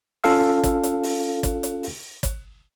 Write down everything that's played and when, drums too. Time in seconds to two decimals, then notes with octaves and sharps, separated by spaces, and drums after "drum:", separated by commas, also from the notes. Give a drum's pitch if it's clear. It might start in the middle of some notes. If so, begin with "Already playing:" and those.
0.24 C#4 F4 A4 F5 E6, drum: open hi-hat
0.63 drum: kick, hi-hat
0.83 drum: hi-hat
1.03 drum: open hi-hat
1.43 drum: kick, hi-hat
1.63 drum: hi-hat
1.83 drum: open hi-hat
2.23 drum: kick, hi-hat